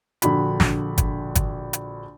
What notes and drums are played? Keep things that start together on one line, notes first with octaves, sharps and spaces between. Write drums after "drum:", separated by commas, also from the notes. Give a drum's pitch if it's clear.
A#1 D3 F#4 B5, drum: hi-hat
drum: snare
drum: kick, hi-hat
drum: kick, hi-hat
drum: hi-hat